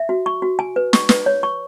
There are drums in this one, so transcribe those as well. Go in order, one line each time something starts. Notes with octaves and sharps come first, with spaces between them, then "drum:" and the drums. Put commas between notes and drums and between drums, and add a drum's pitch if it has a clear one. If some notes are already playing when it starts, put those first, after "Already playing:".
Already playing: E5
F#4
C#6
F#4
G#5
B4
C#6, drum: snare
B4, drum: snare
C#5
C#6